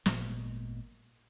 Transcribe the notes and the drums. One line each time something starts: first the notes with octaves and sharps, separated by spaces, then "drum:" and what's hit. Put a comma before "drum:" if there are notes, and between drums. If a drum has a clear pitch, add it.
G#1 A#2 G#3 B3, drum: snare